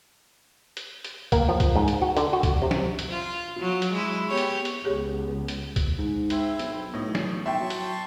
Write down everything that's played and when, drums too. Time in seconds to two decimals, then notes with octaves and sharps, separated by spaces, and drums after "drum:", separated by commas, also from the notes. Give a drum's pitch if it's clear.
0.77 drum: hi-hat
1.05 drum: hi-hat
1.32 A#3, drum: kick C2, hi-hat
1.49 F3
1.60 drum: kick C2, hi-hat
1.76 G#2
1.88 drum: hi-hat
2.02 F#4
2.17 D3, drum: hi-hat
2.33 F#4
2.43 drum: kick C2, hi-hat
2.62 C3
2.71 drum: snare
2.99 drum: hi-hat
3.09 F4
3.60 F#3
3.82 drum: hi-hat
3.93 G#3 E4
4.28 B3 G4 C#5
4.37 drum: hi-hat
4.65 drum: hi-hat
4.84 C#2 B3 G4 G#4 C#5
5.48 drum: hi-hat
5.76 drum: kick C2, hi-hat
5.98 G#2
6.30 C4 E4, drum: hi-hat
6.59 B1, drum: hi-hat
6.93 B1 A2 D#5
7.15 drum: snare
7.46 B1 E5 G5 A5 C6 C#6
7.61 F#3
7.70 drum: hi-hat